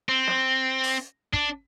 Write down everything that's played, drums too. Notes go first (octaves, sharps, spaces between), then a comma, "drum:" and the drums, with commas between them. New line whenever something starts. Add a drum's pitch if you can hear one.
C4
drum: snare
drum: open hi-hat
D4, drum: kick